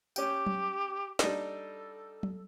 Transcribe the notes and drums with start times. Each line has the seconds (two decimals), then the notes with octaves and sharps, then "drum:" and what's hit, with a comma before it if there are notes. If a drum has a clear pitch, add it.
0.16 C#4 G4 G5, drum: tambourine
0.47 drum: tom F#3
1.19 G3 D4 D#4 A4, drum: snare
2.23 drum: tom F#3